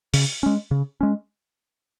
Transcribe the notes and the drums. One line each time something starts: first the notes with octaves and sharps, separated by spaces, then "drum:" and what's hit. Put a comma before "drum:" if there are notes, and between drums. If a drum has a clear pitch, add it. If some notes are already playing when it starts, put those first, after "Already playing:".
C#3, drum: open hi-hat
G#3 C#4
C#3
G#3 C#4